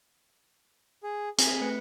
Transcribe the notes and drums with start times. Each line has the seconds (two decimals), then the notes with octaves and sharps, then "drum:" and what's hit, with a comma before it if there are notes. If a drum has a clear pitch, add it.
1.04 G#4
1.38 C4 G#4 B6, drum: hi-hat
1.61 A3 B4 C#7